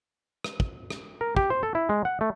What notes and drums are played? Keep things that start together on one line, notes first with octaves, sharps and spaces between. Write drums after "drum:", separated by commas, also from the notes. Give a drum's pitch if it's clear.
drum: rim click
drum: kick
drum: rim click
A#4
G4, drum: kick
C5
A4
E4
G#3
F#5
A3